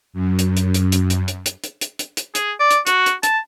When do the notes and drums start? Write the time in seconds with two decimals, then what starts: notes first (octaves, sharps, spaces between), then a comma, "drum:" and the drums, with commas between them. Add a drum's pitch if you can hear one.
0.13 F#2
0.39 drum: hi-hat
0.57 drum: hi-hat
0.74 drum: hi-hat
0.92 drum: hi-hat
1.10 drum: hi-hat
1.28 drum: hi-hat
1.46 drum: hi-hat
1.64 drum: hi-hat
1.81 drum: hi-hat
1.99 drum: hi-hat
2.17 drum: hi-hat
2.35 G#4, drum: hi-hat
2.60 D5
2.71 drum: hi-hat
2.87 F#4, drum: hi-hat
3.06 drum: hi-hat
3.23 A5, drum: hi-hat